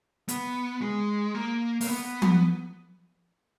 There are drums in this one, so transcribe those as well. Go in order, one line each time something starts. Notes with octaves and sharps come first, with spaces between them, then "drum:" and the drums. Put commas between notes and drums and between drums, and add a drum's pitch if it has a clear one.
B3, drum: hi-hat
G#3
A#3
A#3, drum: open hi-hat
B3
drum: tom F3